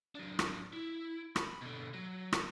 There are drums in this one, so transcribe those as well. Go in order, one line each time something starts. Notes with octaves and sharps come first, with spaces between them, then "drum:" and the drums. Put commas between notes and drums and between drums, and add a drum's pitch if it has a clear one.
F#3 D4
drum: rim click
E4
B5, drum: rim click
B2 D3
F#3
drum: rim click